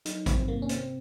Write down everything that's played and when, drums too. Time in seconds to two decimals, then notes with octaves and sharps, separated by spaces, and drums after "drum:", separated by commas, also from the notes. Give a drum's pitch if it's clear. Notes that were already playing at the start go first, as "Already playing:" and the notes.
0.05 F#3 D#4, drum: hi-hat
0.26 D#3 C4, drum: kick A1, hi-hat
0.48 C3 A#3
0.62 C#4
0.69 C3 C4, drum: hi-hat